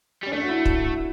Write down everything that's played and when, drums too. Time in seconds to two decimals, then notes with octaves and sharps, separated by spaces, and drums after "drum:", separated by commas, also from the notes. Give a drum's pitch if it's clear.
0.23 G3 C#4
0.32 A3 D4
0.42 F#4
0.49 E4
0.65 drum: kick